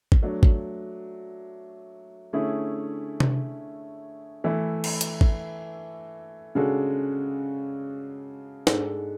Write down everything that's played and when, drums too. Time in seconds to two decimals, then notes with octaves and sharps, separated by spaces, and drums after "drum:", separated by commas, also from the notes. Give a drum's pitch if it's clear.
0.12 drum: kick
0.22 F#3 A3 D4
0.43 drum: kick
2.33 D3 A3 C#4 E4 G#4
3.20 drum: tom C3
4.44 E3 A3 E4
4.84 drum: cymbal
5.01 drum: hi-hat
5.21 drum: kick
6.55 C#3 G#3 D4 F#4 A4
8.67 G#2 G#3 D4 A4, drum: snare